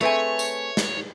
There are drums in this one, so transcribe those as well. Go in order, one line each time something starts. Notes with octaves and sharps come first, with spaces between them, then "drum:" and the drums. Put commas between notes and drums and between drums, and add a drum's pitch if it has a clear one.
A3 C4 G#4 B4 C#5 E5 G#5
drum: tambourine
drum: snare